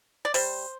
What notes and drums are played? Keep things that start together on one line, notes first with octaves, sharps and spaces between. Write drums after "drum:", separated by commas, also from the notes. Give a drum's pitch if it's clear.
D5
G3 C5, drum: open hi-hat